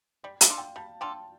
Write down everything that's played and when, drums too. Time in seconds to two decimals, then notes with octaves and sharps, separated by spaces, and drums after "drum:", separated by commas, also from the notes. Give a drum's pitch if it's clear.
0.23 G3 D5
0.41 F5, drum: hi-hat
0.49 D4 F4 A4
0.58 G5
0.76 G3 A5
1.01 D4 F4 A4 G5